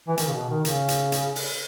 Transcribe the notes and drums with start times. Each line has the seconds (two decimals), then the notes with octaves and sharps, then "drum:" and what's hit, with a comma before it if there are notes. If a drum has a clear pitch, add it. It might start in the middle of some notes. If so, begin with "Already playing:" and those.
0.08 E3
0.17 D#3, drum: hi-hat
0.27 C#3
0.33 B2
0.49 D#3
0.65 C#3, drum: hi-hat
0.88 drum: hi-hat
1.12 drum: hi-hat
1.36 drum: open hi-hat